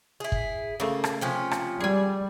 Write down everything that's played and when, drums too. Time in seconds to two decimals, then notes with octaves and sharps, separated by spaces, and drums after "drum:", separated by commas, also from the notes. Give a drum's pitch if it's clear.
0.20 E4 G#4
0.32 drum: kick
0.80 C#3 A3 A#3
1.04 drum: rim click
1.21 C3 F3 C#4
1.51 drum: rim click
1.80 G3 G#4 G#5